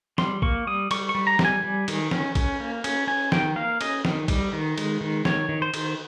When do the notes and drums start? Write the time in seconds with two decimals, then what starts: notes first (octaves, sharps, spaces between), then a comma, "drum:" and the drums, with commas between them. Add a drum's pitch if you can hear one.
0.18 G3 C6, drum: snare
0.42 A#3 C#6, drum: kick
0.67 G3 D#6
0.91 G3 C#6, drum: cymbal
1.09 C#6
1.15 G3
1.27 A#5
1.39 G3, drum: snare
1.45 G#5
1.64 G3
1.88 D#3, drum: cymbal
2.11 C#4, drum: snare
2.35 C#4, drum: kick, cymbal
2.60 A#3
2.84 C#4, drum: cymbal
3.07 C#4 G#5
3.32 D#3 G5, drum: snare
3.56 A#3 F5
3.81 C#4 D#5, drum: cymbal
4.05 D#3, drum: snare
4.28 G3, drum: kick, cymbal
4.53 D#3
4.78 G#3, drum: cymbal
5.01 D#3
5.25 D#3 C#5, drum: snare
5.49 D#3
5.62 C5
5.74 D#3, drum: cymbal